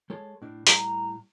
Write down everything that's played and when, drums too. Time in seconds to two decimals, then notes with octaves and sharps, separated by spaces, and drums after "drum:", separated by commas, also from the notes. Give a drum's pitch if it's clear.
0.10 G#3 A4 C#5
0.42 A2 D4
0.67 A2 G3 A#5, drum: hi-hat